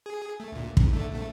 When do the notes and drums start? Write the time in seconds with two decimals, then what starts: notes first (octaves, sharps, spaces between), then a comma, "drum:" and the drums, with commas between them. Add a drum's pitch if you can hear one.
0.06 G#4
0.40 A3
0.52 D2 A#2
0.77 G#2, drum: kick
0.93 D3 A3
1.12 A#1 A3